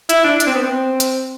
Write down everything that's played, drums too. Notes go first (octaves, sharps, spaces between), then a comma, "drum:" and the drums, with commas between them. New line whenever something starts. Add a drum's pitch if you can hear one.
E4, drum: hi-hat
D4
D4, drum: hi-hat
C4
B3
C4
drum: hi-hat